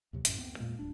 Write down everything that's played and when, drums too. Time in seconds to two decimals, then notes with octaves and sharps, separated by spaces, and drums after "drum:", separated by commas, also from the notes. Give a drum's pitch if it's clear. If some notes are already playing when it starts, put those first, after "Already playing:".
0.13 D#2 C3 F#3
0.25 A1 F#2, drum: hi-hat
0.37 D2 B3 C4
0.58 F2 A#2 G#3 A#3
0.79 D1 D4